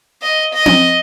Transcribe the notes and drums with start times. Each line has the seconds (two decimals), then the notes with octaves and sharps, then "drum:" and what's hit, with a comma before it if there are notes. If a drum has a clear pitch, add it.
0.22 D#5
0.54 D#5
0.66 drum: tom C4